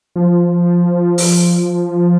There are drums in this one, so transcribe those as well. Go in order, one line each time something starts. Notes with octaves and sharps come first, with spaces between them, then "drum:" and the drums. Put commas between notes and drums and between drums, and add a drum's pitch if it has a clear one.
F3
drum: open hi-hat